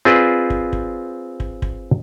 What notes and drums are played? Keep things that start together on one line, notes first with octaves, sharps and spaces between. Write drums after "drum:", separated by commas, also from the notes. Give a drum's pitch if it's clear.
C4 F4 G#4 B4 C5 D5
drum: kick
drum: kick
drum: kick
drum: kick